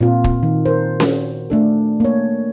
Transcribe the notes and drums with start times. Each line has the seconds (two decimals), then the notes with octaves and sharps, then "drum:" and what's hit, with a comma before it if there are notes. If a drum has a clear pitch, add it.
0.01 A#2 C4 F4
0.24 drum: kick
0.43 D#3
0.66 A#4 C5
1.00 F#4, drum: snare C#4
1.50 A3 D4 A4
2.00 A#3 C#5